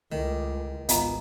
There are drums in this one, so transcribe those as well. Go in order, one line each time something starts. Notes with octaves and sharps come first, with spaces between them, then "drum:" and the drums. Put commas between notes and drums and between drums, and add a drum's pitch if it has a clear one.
C#2 D#3 A3 E4
G#1 B3 F4 D#5 G#5 A#5, drum: hi-hat